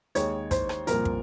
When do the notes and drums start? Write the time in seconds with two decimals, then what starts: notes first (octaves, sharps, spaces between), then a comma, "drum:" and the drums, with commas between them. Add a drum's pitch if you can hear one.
0.15 D#2 D#3 G#3 C#5, drum: hi-hat
0.51 C5, drum: kick, hi-hat
0.69 drum: rim click
0.87 C2 A#2 F3 A#4, drum: hi-hat
1.05 drum: kick